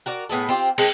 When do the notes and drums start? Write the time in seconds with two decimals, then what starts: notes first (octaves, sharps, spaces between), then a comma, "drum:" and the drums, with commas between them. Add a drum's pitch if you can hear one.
0.06 F#4 A#4 D5
0.29 A2 B3 G#4 A4
0.49 C4 F4 G4
0.78 G#3 C4 A4 A#4, drum: cymbal